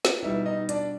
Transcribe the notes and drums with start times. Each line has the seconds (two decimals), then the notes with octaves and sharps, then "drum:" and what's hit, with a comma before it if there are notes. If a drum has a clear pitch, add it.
0.05 drum: snare
0.23 B2 G3 B3 D#4 E4 E5
0.46 D#4 D#5
0.69 D4 D5, drum: hi-hat